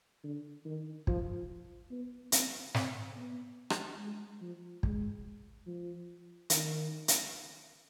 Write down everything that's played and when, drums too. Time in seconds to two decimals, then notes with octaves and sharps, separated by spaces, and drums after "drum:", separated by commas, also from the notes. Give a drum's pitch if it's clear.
0.24 D3
0.65 D#3
1.07 F3, drum: kick
1.90 B3
2.32 C4, drum: hi-hat
2.74 C4, drum: snare
3.16 B3
3.70 drum: rim click
4.00 G#3
4.41 F3
4.83 G#3, drum: kick
5.66 F3
6.50 D#3, drum: hi-hat
7.08 drum: hi-hat